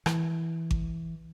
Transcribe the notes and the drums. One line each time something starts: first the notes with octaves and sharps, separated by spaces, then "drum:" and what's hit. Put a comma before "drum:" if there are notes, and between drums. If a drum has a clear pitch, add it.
E3, drum: rim click
drum: kick G#1